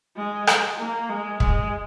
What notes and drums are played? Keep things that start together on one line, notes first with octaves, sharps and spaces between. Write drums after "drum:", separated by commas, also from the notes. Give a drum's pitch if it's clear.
G#3
drum: rim click
A#3
G#3
G#3, drum: kick